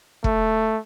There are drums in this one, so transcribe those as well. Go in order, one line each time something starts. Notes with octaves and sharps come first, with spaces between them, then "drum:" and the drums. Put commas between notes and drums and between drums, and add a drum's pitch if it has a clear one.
A3, drum: kick